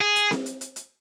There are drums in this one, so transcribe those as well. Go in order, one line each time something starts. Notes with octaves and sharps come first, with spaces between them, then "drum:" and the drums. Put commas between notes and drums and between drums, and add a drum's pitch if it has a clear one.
G#4
drum: hi-hat
drum: snare C4
drum: hi-hat
drum: hi-hat
drum: hi-hat